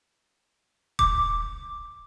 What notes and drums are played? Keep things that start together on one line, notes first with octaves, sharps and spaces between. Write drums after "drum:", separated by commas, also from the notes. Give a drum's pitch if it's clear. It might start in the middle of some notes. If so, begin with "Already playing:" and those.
D6, drum: kick D#1